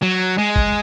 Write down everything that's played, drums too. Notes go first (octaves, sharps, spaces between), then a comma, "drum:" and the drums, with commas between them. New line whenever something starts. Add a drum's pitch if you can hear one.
F#3
G#3
drum: kick